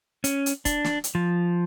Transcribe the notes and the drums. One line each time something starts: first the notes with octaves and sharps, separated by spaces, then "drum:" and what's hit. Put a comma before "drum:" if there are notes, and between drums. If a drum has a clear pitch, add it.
C#4, drum: hi-hat
drum: hi-hat
D4, drum: kick, hi-hat
drum: snare
drum: hi-hat
F3